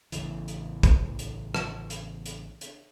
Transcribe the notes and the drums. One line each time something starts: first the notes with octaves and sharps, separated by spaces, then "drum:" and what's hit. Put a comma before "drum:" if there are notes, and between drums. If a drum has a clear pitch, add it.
A1 A2 C#3 E3, drum: hi-hat
drum: hi-hat
drum: kick, hi-hat
drum: hi-hat
drum: rim click
drum: hi-hat
drum: hi-hat
drum: hi-hat